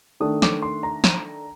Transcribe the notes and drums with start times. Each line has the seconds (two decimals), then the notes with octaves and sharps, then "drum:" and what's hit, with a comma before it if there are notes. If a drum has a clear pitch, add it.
0.20 D#3 A3 D4 D#6
0.42 D6, drum: snare
0.62 C6
0.83 A#5
1.04 drum: snare